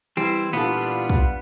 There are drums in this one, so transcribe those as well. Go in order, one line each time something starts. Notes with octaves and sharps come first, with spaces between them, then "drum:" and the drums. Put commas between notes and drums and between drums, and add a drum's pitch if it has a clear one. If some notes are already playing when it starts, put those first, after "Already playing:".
E3 G3 C4 E4
A#2 E3 G3 B3 D4 F4 A4
drum: kick